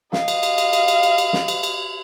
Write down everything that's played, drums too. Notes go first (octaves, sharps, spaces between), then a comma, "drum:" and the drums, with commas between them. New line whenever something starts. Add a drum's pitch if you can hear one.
D#5 F5, drum: snare
drum: cymbal
drum: cymbal
drum: cymbal
drum: cymbal
drum: cymbal
drum: cymbal
drum: cymbal
drum: snare
drum: cymbal
drum: cymbal